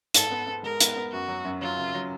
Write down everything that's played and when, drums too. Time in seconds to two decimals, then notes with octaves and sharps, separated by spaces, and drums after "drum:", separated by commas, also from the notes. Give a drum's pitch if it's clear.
0.15 G#2 A4, drum: hi-hat
0.31 B3
0.47 B3
0.63 G#3 A#4
0.81 B3, drum: hi-hat
0.96 B3
1.12 F#2 F#4
1.28 F#3
1.45 F#2
1.61 F#3 F4
1.78 C#3
1.94 F#3